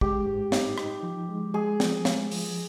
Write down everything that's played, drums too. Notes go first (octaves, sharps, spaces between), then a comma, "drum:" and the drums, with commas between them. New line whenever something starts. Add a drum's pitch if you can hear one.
G#3 G4, drum: kick
G#2
D#4, drum: snare
D#4, drum: rim click
F3
G#3
G#3 G#4
F3, drum: snare
G#3, drum: snare
F3, drum: open hi-hat